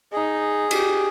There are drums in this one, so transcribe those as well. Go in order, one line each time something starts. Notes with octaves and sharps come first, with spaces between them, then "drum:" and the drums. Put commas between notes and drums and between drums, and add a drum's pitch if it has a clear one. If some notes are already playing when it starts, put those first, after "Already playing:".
D#4 G#4
G4, drum: cymbal